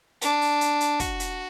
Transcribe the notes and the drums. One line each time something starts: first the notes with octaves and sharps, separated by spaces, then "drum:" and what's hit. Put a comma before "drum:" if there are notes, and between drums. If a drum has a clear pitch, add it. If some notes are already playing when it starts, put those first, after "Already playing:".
D4, drum: hi-hat
drum: open hi-hat
drum: hi-hat
drum: hi-hat
F#4, drum: kick, hi-hat
drum: hi-hat